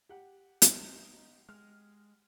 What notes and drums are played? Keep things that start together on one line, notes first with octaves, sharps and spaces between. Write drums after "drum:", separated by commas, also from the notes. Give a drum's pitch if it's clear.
G4 F#5
D#4, drum: hi-hat
G#3 F6